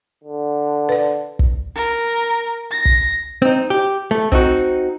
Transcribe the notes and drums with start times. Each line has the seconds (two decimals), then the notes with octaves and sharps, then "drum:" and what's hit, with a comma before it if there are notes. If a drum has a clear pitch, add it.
0.24 D3
0.89 B4 D5
1.39 drum: kick
1.76 A#4
2.71 A#6
2.85 drum: kick
3.42 C4 D#4
3.70 G4
4.11 A3
4.32 C4 D#4 F#4, drum: kick